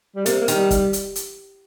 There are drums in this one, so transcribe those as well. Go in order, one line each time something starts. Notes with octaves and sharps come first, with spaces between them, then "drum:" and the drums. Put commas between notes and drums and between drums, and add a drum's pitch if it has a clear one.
G3
C3 A#3, drum: hi-hat
A#3
D#3, drum: hi-hat
G3
drum: kick, hi-hat
drum: hi-hat
drum: hi-hat